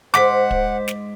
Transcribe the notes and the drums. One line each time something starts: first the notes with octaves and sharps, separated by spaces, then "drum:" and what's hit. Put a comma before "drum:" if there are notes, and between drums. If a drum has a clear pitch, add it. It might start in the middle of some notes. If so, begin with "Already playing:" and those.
G#2 C5 F#5 C6 D6 B6, drum: snare
drum: kick
drum: snare